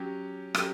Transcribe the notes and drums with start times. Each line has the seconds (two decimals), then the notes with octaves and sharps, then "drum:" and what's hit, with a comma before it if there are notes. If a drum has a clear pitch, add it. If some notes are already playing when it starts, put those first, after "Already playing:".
Already playing: F#3 C#4 G4
0.55 F#3 C#4 G4, drum: rim click